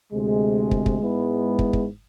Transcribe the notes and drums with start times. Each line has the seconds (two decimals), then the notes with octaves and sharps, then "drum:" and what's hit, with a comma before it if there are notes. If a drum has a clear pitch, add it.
0.13 D2 C3 G#3
0.71 drum: kick
0.86 drum: kick
1.01 G#2 G#3 B3 E4
1.59 drum: kick
1.73 drum: kick